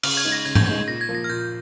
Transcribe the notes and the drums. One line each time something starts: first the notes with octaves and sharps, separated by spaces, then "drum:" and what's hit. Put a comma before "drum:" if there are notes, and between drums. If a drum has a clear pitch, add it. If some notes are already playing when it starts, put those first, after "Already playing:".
C#3 F6, drum: cymbal
G#6
G#3 D#4
A#6
C#3 G#6
G6, drum: tom G#2
G#3 D#4 G#6
A#2 A#6
G#6
F3 A#3 F4
A#6
F6
A#2 G6